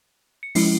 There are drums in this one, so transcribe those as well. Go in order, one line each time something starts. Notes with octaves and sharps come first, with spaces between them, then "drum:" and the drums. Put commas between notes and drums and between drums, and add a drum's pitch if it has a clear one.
C#7
F3 G#3 C#4 E4 C7, drum: open hi-hat